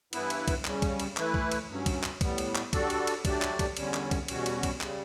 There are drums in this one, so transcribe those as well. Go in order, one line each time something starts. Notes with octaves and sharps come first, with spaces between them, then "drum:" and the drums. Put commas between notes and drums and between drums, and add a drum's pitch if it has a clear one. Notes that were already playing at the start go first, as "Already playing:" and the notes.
G2 E3 B3 E4 B4, drum: cymbal
drum: cymbal
drum: kick, cymbal
C#3 G3 C#4, drum: clap
drum: kick, cymbal
drum: cymbal
E3 A3 E4 B4, drum: clap
drum: kick
drum: cymbal
G2 F#3 C#4
drum: kick, cymbal
drum: clap
A2 G3 B3, drum: kick, cymbal
drum: cymbal
drum: clap
G3 D4 F#4 A4 D5, drum: kick, cymbal
drum: cymbal
drum: cymbal
F#3 A3 D4 G4 D5, drum: kick, cymbal
drum: clap
drum: kick, cymbal
E2 D3 G3 C#4, drum: cymbal
drum: clap
drum: kick, cymbal
E2 B2 G3 C#4 F#4, drum: cymbal
drum: cymbal
drum: kick, cymbal
C#3 G3, drum: clap